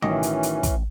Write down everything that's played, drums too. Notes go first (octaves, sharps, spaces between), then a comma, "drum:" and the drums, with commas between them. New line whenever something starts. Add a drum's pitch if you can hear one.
A1 D#3 E3 F#3 C#4 D#5 D6, drum: tom
drum: hi-hat
drum: hi-hat
drum: kick, hi-hat